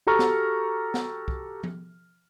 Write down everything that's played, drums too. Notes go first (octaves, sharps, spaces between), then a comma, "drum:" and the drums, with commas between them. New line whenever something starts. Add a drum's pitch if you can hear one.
F#4 G4 A4 A#5 C#6 F6
drum: snare
drum: snare
drum: kick
drum: tom F3